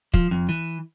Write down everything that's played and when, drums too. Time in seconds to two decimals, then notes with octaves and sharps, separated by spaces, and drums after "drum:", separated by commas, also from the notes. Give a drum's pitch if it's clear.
0.14 F3, drum: kick
0.31 F2
0.49 E3